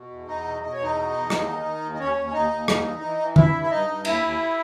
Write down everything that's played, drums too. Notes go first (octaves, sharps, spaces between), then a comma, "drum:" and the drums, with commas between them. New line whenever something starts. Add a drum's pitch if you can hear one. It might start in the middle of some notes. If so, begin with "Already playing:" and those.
Already playing: B2
E2
E2 D#4 D#5
B2
B2 D#5
C#5
E2 D#4 D#5
B2
E2
D#2, drum: rim click
D#3
D#3
D#2
D#5
D#2 C#4 C#5
D#2
C#5
D#2 D#4 D#5
D#2
G2, drum: rim click
E3
E3
E3
G2 E4 E5, drum: tom D#3
G2
E5
G2 D#4 D#5
G2
D#2 E4 E5, drum: cymbal
D#2